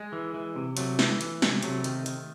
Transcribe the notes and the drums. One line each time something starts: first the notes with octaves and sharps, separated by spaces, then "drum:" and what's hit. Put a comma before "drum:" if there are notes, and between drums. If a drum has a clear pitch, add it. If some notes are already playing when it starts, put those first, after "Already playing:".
Already playing: G#3
E3
E3
C3
C3 F#3 A3, drum: hi-hat
E3, drum: snare
E3, drum: hi-hat
C3, drum: snare
C3 F#3 A3, drum: hi-hat
D#3, drum: hi-hat
D#3, drum: hi-hat